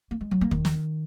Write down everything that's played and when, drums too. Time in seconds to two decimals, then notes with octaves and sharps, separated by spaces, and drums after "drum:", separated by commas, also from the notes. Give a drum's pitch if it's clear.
0.11 A#3
0.21 G#3
0.31 F#3
0.41 A#3
0.51 D#3, drum: kick
0.65 drum: snare